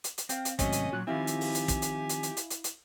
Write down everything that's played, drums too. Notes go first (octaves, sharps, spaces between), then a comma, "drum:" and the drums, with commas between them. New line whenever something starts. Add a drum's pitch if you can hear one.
drum: hi-hat
drum: hi-hat
C4 F5 G5, drum: hi-hat
drum: hi-hat
D#2 G#2 C3 F#3 A3 C#4 D#5, drum: kick, hi-hat
drum: hi-hat
A#2 F#3 F#4 F#6
D#3 F3 C4 E4 G4 E5 F5 G#5
drum: hi-hat
drum: open hi-hat
drum: hi-hat
drum: kick, hi-hat
drum: hi-hat
drum: hi-hat
drum: hi-hat
drum: hi-hat
drum: hi-hat
drum: hi-hat